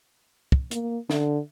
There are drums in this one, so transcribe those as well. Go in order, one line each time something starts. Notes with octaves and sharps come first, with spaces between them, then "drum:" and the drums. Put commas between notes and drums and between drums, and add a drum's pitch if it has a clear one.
drum: kick
A#3, drum: hi-hat
D3, drum: snare